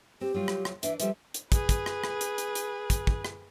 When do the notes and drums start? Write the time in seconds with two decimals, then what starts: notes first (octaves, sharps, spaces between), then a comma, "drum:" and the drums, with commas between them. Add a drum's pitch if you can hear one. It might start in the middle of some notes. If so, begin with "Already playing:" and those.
0.21 C4 G4
0.34 F#3 G3 F4
0.48 drum: rim click
0.65 drum: rim click
0.83 E3 D4 E5, drum: hi-hat
1.00 F3 G3 A4 E5, drum: hi-hat
1.34 drum: hi-hat
1.52 G#4 B4, drum: kick, hi-hat
1.69 drum: kick, hi-hat
1.86 drum: rim click
2.04 drum: rim click
2.21 drum: hi-hat
2.38 drum: hi-hat
2.55 drum: hi-hat
2.90 drum: kick, hi-hat
3.07 drum: kick
3.25 drum: rim click